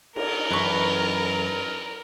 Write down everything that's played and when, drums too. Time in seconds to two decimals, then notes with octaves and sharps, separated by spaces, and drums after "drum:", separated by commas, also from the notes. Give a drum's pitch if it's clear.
0.16 A#4, drum: cymbal
0.51 F#2 E3 B4 C#6